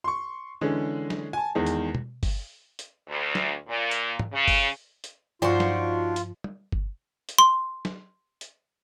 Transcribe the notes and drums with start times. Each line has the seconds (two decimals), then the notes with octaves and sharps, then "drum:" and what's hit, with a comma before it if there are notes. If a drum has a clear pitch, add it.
0.04 C6 C#6
0.61 D3 E3 G#3 C#4 G#4
1.10 drum: snare
1.33 G#5 A5
1.55 E2 D#3 G#3
1.66 drum: hi-hat
1.95 drum: tom
2.23 drum: kick G1, open hi-hat
2.79 drum: hi-hat
3.07 D2
3.35 drum: snare
3.68 A#2
3.91 drum: hi-hat
4.19 drum: tom
4.33 C#3
4.48 drum: kick G1, open hi-hat
5.04 drum: hi-hat
5.42 G2 F3 D4 D#4 F4 F#4 C6
5.60 drum: snare
6.16 drum: hi-hat
6.44 drum: tom
6.72 drum: kick G1
7.29 drum: hi-hat
7.39 C6
7.85 drum: snare
8.41 drum: hi-hat